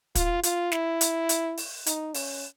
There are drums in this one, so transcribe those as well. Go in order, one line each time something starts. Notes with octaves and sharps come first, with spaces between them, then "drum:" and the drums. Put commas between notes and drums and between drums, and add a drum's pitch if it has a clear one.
F4, drum: kick, hi-hat
F4, drum: hi-hat
E4, drum: snare
drum: hi-hat
drum: hi-hat
drum: open hi-hat
D#4, drum: hi-hat
C#4, drum: open hi-hat